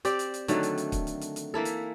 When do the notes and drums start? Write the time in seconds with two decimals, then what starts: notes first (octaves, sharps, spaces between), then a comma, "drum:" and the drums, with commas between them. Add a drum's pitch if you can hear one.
0.05 C4 G4 D5, drum: hi-hat
0.19 drum: hi-hat
0.34 drum: hi-hat
0.48 D3 D#3 F#3 A3, drum: hi-hat
0.63 drum: hi-hat
0.78 drum: hi-hat
0.92 drum: kick, hi-hat
1.07 drum: hi-hat
1.21 drum: hi-hat
1.36 drum: hi-hat
1.54 E3 A#3 E4 A4
1.65 drum: hi-hat